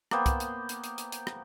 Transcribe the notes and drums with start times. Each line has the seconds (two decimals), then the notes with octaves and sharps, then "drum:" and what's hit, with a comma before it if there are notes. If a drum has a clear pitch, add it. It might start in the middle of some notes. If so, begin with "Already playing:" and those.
0.11 A#3 B3 C5 G5, drum: rim click
0.26 drum: kick, hi-hat
0.40 drum: hi-hat
0.69 drum: hi-hat
0.84 drum: hi-hat
0.98 drum: hi-hat
1.12 drum: hi-hat
1.27 drum: rim click